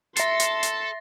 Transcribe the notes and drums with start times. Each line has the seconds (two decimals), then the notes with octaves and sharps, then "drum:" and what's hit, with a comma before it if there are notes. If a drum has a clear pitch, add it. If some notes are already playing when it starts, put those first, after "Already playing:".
0.16 A4 E5 C6 A6 A#6 C7, drum: hi-hat
0.40 drum: hi-hat
0.63 drum: hi-hat